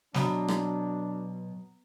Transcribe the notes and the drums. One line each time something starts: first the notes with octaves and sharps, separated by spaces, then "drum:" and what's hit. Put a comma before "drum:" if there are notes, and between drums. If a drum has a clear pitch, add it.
B2 F#3 D4 A#5 B5 D#6, drum: snare
drum: rim click